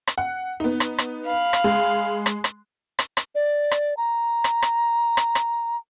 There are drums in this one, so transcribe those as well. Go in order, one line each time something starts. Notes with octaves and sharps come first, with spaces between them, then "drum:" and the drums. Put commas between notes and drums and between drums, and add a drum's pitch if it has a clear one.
drum: rim click
F#5
B3 D#4
drum: rim click
drum: rim click
F5 B5
drum: rim click
G#3
drum: rim click
drum: rim click
drum: rim click
drum: rim click
D5
drum: rim click
A#5
drum: rim click
drum: rim click
drum: rim click
drum: rim click